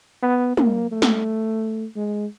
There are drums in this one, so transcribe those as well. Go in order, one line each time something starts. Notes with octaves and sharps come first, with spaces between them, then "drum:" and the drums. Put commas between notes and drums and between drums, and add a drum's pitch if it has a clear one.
B3
A#3, drum: tom
A3
drum: snare
G#3